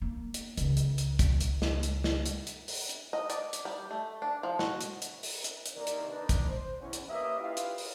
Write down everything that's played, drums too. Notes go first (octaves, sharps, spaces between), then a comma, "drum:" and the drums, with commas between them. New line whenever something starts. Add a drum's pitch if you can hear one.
A#3
drum: hi-hat
C#2 C#3, drum: hi-hat
drum: hi-hat
drum: hi-hat
drum: kick, hi-hat
drum: hi-hat
drum: snare
drum: hi-hat
drum: snare
drum: hi-hat
drum: hi-hat
drum: open hi-hat
drum: hi-hat
D#5
D5, drum: hi-hat
drum: hi-hat
G3
A3
D4
F3
F#4, drum: snare
drum: hi-hat
drum: hi-hat
drum: open hi-hat
drum: hi-hat
drum: hi-hat
C3 D#3 A#3 D#4 A#4 D5
drum: hi-hat
D4 D#4 A#4 B4
drum: kick, hi-hat
C5
E2 C#4
drum: hi-hat
A#3 C#4 G4 B4 D#5 E5
E4 F4 G4 B4 F5
drum: hi-hat
drum: open hi-hat